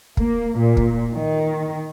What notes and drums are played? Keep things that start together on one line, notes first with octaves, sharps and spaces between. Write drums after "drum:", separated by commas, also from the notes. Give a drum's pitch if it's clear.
A#3, drum: kick
A#2
drum: kick
D#3